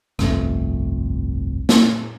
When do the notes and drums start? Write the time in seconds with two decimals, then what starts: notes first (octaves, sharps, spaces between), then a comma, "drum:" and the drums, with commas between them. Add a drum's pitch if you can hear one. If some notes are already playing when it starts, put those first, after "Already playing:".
0.19 G1 C2 F2 A3, drum: rim click
1.69 drum: snare